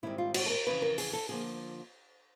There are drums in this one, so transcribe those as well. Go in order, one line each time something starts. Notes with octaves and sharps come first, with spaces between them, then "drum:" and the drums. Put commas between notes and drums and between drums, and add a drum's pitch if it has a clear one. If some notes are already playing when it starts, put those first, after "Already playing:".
G#2 D#3 G3 C4 E4
F4
F#4, drum: cymbal
A4
A#4
F2 C#3 E3 B4
A#4
G#4, drum: open hi-hat
A4
D3 F3 A#3 G#4